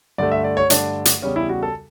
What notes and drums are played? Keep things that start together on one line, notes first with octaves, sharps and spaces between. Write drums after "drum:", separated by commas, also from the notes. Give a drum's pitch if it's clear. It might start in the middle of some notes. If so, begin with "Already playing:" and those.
G2 D3 A3 D5
E5
D5
C#5
G2 D3 A3 D4, drum: hi-hat
drum: hi-hat
E2 C#3 G3 C#4
E4
F#4
A4